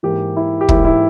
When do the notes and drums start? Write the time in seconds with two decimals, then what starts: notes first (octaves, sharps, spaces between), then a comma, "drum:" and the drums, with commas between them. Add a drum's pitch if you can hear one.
0.03 G#2 E3 A#3 G4
0.37 E4
0.61 G4
0.69 G#2 E3 A#3 E4, drum: kick
0.85 E4